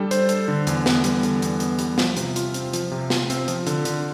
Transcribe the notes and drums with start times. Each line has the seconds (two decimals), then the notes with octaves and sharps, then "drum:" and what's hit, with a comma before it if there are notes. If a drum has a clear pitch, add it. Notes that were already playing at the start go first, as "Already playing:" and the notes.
Already playing: G3 D4 A4
0.11 C5, drum: hi-hat
0.29 A4, drum: hi-hat
0.48 D3
0.67 E2, drum: hi-hat
0.86 B3, drum: snare
1.04 G3, drum: hi-hat
1.23 D3, drum: hi-hat
1.42 E2, drum: hi-hat
1.60 B3, drum: hi-hat
1.79 G3, drum: hi-hat
1.98 F3, drum: snare
2.17 C3, drum: hi-hat
2.36 F4, drum: hi-hat
2.54 C4, drum: hi-hat
2.73 F3, drum: hi-hat
2.91 C3
3.10 F4, drum: snare
3.30 C4, drum: hi-hat
3.48 F3, drum: hi-hat
3.67 D3, drum: hi-hat
3.85 D3, drum: hi-hat